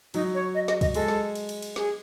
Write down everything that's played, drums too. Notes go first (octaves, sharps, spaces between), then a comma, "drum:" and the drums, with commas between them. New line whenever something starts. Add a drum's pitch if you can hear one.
F#3 D#4, drum: cymbal
C#5
D#5
D#5, drum: snare
D#5, drum: kick, cymbal
G#3 A4, drum: cymbal
drum: snare
drum: cymbal
drum: cymbal
drum: cymbal
G#4, drum: snare